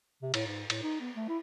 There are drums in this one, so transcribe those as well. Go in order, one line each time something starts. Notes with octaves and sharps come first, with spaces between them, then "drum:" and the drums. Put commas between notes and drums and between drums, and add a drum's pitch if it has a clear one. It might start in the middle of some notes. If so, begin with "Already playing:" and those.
C3
A2, drum: cymbal
G#2
A2, drum: cymbal
D#4
B3
A3
E4